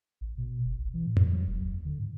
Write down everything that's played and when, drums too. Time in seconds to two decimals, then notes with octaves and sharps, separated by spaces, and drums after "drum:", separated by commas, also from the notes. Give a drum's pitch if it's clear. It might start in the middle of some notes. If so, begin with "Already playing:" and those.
0.21 A1
0.38 B2
0.65 F#1
0.78 B1
0.94 E3
1.07 A2
1.17 drum: tom F2
1.32 F#3
1.47 F1
1.61 D#2
1.85 D3
2.00 G#2